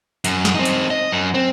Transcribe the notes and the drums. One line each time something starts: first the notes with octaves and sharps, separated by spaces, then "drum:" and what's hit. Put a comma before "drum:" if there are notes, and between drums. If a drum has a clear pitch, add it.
F#2, drum: hi-hat
drum: snare
C4 D#4
drum: hi-hat
D#5
F#2
C4